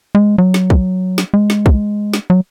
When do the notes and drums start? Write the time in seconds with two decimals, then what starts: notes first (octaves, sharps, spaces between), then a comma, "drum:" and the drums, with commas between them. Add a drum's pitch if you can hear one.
0.15 G#3
0.38 F#3
0.54 drum: snare
0.70 drum: kick
1.18 drum: snare
1.34 G#3
1.50 drum: snare
1.66 drum: kick
2.14 drum: snare
2.30 F#3